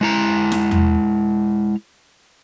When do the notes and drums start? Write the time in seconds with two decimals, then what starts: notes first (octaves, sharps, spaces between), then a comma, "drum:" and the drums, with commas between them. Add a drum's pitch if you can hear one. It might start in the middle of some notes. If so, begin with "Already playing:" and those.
0.01 G#3 E4 A#5
0.52 drum: snare
0.71 drum: tom E2